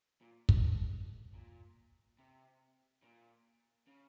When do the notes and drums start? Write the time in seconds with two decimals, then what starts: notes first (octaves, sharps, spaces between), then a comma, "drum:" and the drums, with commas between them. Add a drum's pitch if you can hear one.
0.21 A#2
0.49 A2, drum: kick
1.34 A#2
2.19 C3
3.03 A#2
3.87 C#3